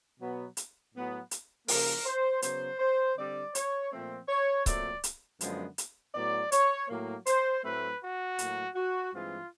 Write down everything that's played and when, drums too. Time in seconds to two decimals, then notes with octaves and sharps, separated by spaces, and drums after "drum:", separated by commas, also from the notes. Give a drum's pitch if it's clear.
0.19 B2 F#3 B3
0.57 drum: hi-hat
0.93 A2 F#3 B3
1.31 drum: hi-hat
1.68 C#3 F3 A#3 A#4, drum: open hi-hat
2.06 C5
2.42 C#3 F#3 B3 C5, drum: hi-hat
2.80 C5
3.17 D3 G3 C4 D5
3.55 C#5, drum: hi-hat
3.92 A#2 F3 A3 C4
4.29 C#5
4.66 A#2 F#3 A3 C4 D5, drum: kick C#1, hi-hat
5.04 drum: hi-hat
5.41 F#2 D3 F3 G#3 B3, drum: hi-hat
5.78 drum: hi-hat
6.15 A2 F#3 B3 D5
6.52 C#5, drum: hi-hat
6.89 A2 F#3 A#3
7.26 C5, drum: hi-hat
7.64 A2 F#3 A3 C4 B4
8.01 F#4
8.39 A2 F#3 A#3, drum: hi-hat
8.75 F#4
9.13 G2 E3 G#3 C4 F4